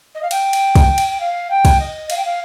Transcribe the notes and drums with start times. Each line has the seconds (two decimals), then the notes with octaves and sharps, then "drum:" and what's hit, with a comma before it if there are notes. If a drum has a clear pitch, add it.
0.14 D#5
0.22 F5
0.31 G5, drum: cymbal
0.53 drum: cymbal
0.76 drum: kick, cymbal
0.98 drum: cymbal
1.20 F5
1.50 G5
1.65 drum: kick, cymbal
1.80 D#5
2.10 F5, drum: cymbal
2.17 G5
2.25 F5